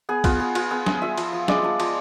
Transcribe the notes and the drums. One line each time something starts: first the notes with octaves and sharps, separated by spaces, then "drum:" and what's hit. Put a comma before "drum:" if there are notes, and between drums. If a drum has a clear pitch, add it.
B3 G#4
B3 F4, drum: kick, cymbal
F4 G#4
B3 F4, drum: cymbal
B3 G#4
B3 G#4, drum: snare
F4 E5
F3, drum: cymbal
F3
G#3 D5, drum: snare
F3
F3, drum: cymbal